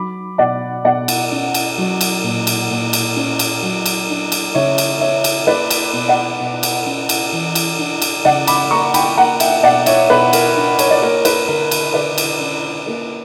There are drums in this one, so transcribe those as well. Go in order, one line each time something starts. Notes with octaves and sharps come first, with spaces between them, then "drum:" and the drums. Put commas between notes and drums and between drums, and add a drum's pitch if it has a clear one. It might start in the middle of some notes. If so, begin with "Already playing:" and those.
Already playing: F#3 B5 D6
B2 D5 F#5
B2 D5 F#5
drum: cymbal
C#4
drum: cymbal
F#3
drum: cymbal
A#2
drum: cymbal
A#2
drum: cymbal
C#4
drum: cymbal
F#3
drum: cymbal
D4
drum: cymbal
C#3 C#5 E5
drum: cymbal
B3 C#5 E5
drum: cymbal
A#3 B4 D5
drum: cymbal
B2
D5 F#5
B2
drum: cymbal
C#4
drum: cymbal
E3
drum: cymbal
D4
drum: cymbal
C#3 D5 F#5
B5 D6, drum: cymbal
A#3 A#5 C#6
G5 B5, drum: cymbal
A#3 F#5 A#5
E5 G5, drum: cymbal
B2 D5 F#5
C#5 E5, drum: cymbal
B2 B4
A#4, drum: cymbal
D4
A#4 C#5, drum: cymbal
D5
A#3 A#4 C#5
B4, drum: cymbal
D3 A#4
drum: cymbal
D3 B4 D5
drum: cymbal
C#4
A#3